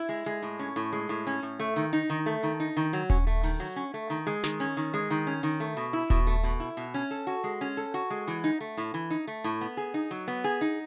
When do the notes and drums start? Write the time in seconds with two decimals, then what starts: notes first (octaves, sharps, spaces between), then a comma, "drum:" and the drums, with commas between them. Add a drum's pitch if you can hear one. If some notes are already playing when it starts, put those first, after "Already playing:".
Already playing: E4
0.09 G#3
0.26 G#3
0.42 A2
0.59 C#4
0.76 A2
0.93 G#3
1.09 A2
1.27 C#4
1.42 A2
1.59 A3
1.76 D#3
1.93 D#4
2.10 D#3
2.26 A3
2.43 D#3
2.60 D#4
2.77 D#3
2.93 F#3
3.10 C#4, drum: kick D#1
3.27 A3
3.43 D#3, drum: open hi-hat
3.60 F#3
3.76 C#4
3.94 A3
4.10 D#3
4.27 G#3
4.44 D#3, drum: snare
4.60 C#4
4.77 D#3
4.94 G#3
5.10 D#3
5.27 C#4
5.43 D#3
5.60 A3
5.77 B2
5.93 E4
6.10 B2, drum: kick D#1
6.27 A3
6.43 B2
6.60 E4
6.77 B2
6.94 C#4
7.11 A4
7.27 F#4
7.44 G#3
7.61 C#4
7.77 A4
7.94 F#4
8.10 G#3
8.27 E3
8.44 D#4
8.60 A3
8.77 A2
8.94 E3
9.10 D#4
9.27 A3
9.44 A2
9.61 B3
9.77 G#4
9.94 D#4
10.11 F#3
10.28 B3
10.44 G#4
10.61 D#4